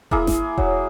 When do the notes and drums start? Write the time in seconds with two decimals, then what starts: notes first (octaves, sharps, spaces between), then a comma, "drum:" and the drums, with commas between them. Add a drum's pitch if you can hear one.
0.11 A#3 E4 G#4, drum: kick E1
0.27 drum: snare G#1
0.58 F#3, drum: kick E1